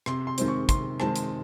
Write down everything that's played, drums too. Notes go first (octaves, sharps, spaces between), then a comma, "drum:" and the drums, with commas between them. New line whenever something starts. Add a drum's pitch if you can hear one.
C3 C6, drum: rim click
C6
D#3 G#3 C4, drum: hi-hat
C#6
C3 C6, drum: kick, hi-hat
D#3 G#3 C4 A5, drum: rim click
drum: hi-hat